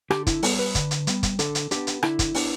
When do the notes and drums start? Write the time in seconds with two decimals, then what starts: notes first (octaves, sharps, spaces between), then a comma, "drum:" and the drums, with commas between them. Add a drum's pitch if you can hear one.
0.11 D3 G4, drum: rim click
0.27 E4, drum: kick, hi-hat
0.43 G3 B3 A4, drum: open hi-hat
0.59 B4
0.75 D3, drum: kick, hi-hat
0.91 drum: hi-hat
1.07 G3 B3, drum: hi-hat
1.23 drum: kick, hi-hat
1.39 D3 A4, drum: hi-hat
1.55 drum: hi-hat
1.71 B3 D4 G4, drum: hi-hat
1.87 drum: hi-hat
2.03 D3 E4, drum: rim click
2.19 drum: kick, hi-hat
2.34 B3 D4, drum: open hi-hat